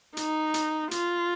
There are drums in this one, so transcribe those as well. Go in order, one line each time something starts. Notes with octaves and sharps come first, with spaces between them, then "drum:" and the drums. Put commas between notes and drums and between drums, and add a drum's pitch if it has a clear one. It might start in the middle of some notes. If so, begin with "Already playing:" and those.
D#4, drum: hi-hat
drum: hi-hat
F4, drum: hi-hat